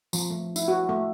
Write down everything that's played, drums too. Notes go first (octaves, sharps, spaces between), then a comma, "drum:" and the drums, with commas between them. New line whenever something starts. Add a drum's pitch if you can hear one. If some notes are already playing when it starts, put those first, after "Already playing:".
F3, drum: tambourine
A3
E4, drum: tambourine
F#4
A3